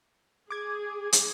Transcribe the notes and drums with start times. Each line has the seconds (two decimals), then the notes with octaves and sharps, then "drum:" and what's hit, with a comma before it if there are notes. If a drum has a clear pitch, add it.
0.50 G#4 D6 G#6
1.13 drum: hi-hat